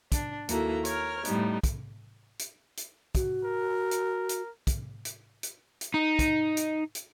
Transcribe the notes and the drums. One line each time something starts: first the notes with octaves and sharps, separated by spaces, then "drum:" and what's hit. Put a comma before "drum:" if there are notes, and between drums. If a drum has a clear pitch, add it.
D4, drum: kick, hi-hat
D#2 A#3 E4 F#4 A4 A#5, drum: hi-hat
A#4 C#5 F6, drum: hi-hat
A2 G3 B3 D#4, drum: hi-hat
drum: kick, hi-hat
drum: hi-hat
drum: hi-hat
F#4, drum: kick, hi-hat
A#4
drum: hi-hat
drum: hi-hat
drum: kick, hi-hat
drum: hi-hat
drum: hi-hat
drum: hi-hat
D#4
drum: kick, hi-hat
drum: hi-hat
drum: hi-hat